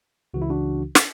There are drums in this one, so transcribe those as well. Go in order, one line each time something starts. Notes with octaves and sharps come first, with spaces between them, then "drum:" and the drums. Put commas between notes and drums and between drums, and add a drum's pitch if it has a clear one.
C#2 C#3 E3 F#4
E4
D4 F#4
drum: snare